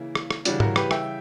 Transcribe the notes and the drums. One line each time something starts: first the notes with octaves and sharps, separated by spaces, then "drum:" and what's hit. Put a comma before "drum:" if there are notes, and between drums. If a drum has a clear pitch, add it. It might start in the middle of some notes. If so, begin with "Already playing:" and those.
Already playing: C#3 E3 A#3 E4
drum: rim click
drum: rim click
C#3 E3 G3 D4 F#4, drum: hi-hat
F#4 A#4, drum: tom G#2
G4 B4, drum: rim click
E5 G5, drum: rim click